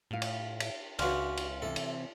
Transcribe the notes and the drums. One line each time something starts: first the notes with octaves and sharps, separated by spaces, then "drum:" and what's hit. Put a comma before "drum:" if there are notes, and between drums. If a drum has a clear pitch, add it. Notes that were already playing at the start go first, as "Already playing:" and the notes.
A2 F4 F5
drum: cymbal
drum: cymbal
C#2 D4 F#4 B4 F5 G#5 C6 F6, drum: cymbal
drum: cymbal
C3 E3 C4 A4
drum: cymbal